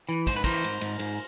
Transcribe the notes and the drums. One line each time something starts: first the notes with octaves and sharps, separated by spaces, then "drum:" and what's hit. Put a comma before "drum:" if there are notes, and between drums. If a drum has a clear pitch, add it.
E3
G#2 C5, drum: kick, cymbal
B4
E3 A#4 C5, drum: kick, cymbal
G#2, drum: cymbal
G#2, drum: cymbal
G#2, drum: cymbal